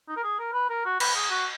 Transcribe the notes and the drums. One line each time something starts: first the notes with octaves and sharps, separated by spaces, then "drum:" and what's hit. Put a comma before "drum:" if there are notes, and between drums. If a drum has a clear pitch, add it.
D#4
A#4
G#4
A#4
B4
A#4
F#4
B4, drum: cymbal
G#4
F#4